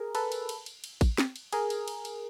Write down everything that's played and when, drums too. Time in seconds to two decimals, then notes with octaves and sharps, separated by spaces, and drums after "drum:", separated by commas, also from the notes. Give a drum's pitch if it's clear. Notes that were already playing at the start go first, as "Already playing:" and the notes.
Already playing: G#4 A#4
0.15 A4 B4, drum: cymbal
0.32 drum: cymbal
0.49 drum: cymbal
0.66 drum: cymbal
0.84 drum: cymbal
1.01 drum: kick A1, cymbal
1.18 drum: snare
1.36 drum: cymbal
1.53 G#4 A#4, drum: cymbal
1.70 drum: cymbal
1.88 drum: cymbal
2.05 drum: cymbal